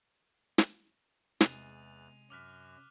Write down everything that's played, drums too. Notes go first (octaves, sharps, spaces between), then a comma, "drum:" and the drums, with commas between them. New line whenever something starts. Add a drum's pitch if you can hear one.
drum: snare
E2 C3 G#3 F#6 A6 D#7 F7, drum: snare
F#2 F#3 D6 F6 F#6 B6 F7